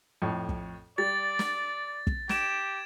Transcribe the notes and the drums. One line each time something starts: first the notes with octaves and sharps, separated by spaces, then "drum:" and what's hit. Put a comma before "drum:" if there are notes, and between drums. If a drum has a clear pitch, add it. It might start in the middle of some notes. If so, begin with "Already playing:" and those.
F2 A2
drum: kick
G3 D5 A6
drum: snare
drum: kick
G4 G#6 D7 E7, drum: snare